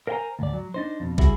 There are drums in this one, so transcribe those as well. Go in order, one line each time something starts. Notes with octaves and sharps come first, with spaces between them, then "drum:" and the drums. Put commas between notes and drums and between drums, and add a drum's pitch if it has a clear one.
A#4 C5 F5 G5 G#5 A#5
D2 G#2 D5
F#3
D4 D#4 C5
F2 B2
G3 E4 F#4 G#4, drum: kick